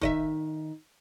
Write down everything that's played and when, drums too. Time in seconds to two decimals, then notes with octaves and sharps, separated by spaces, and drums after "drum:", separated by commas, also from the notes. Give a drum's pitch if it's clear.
0.01 D#3 D#5 E5, drum: kick